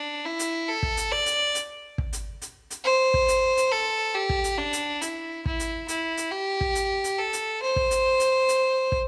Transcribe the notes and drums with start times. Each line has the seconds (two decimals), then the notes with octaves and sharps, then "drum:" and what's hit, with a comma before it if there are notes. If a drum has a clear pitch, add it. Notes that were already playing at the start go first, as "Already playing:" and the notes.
Already playing: D4
0.25 E4
0.39 drum: hi-hat
0.68 A4
0.83 drum: kick
0.97 drum: hi-hat
1.12 D5
1.26 drum: hi-hat
1.55 drum: hi-hat
1.98 drum: kick
2.13 drum: hi-hat
2.42 drum: hi-hat
2.70 drum: hi-hat
2.85 C5
3.14 drum: kick
3.28 drum: hi-hat
3.57 drum: hi-hat
3.72 A4
4.14 G4
4.29 drum: kick
4.44 drum: hi-hat
4.58 D4
4.73 drum: hi-hat
5.02 E4, drum: hi-hat
5.46 E4, drum: kick
5.60 drum: hi-hat
5.88 E4, drum: hi-hat
6.17 drum: hi-hat
6.31 G4
6.61 drum: kick
6.75 drum: hi-hat
7.04 drum: hi-hat
7.18 A4
7.33 drum: hi-hat
7.62 C5
7.76 drum: kick
7.91 drum: hi-hat
8.20 drum: hi-hat
8.49 drum: hi-hat
8.92 drum: kick